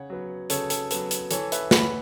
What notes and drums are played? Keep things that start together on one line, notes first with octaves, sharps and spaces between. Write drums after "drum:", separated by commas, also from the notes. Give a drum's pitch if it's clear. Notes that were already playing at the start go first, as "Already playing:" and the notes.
Already playing: C#3 C#5 F#5
F#3 B3
C#3 A4 C#5, drum: hi-hat
A4, drum: hi-hat
F#3 B3 A4, drum: hi-hat
drum: hi-hat
E3 A4 C#5, drum: hi-hat
B4 E5, drum: hi-hat
B3 F#5 B5, drum: snare